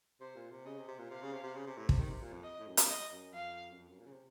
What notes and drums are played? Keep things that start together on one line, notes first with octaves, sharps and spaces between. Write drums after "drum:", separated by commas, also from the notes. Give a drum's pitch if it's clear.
C3 C5
A#2
C3
C#3 D#5
C3
C3
A#2
C3 F5
C#3
C3
C3
C#3
C3
A2
C3, drum: kick
D#3
C3
A#2
F2
D#5
A2
F#2
drum: hi-hat
D#5
F#2
F2 F5
F#2
F2
F#2
A#2
C#3
C3